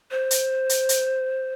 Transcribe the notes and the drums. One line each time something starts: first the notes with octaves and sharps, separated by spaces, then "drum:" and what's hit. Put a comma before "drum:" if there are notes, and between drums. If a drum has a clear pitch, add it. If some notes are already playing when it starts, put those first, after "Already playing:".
C5
drum: hi-hat
drum: hi-hat
drum: hi-hat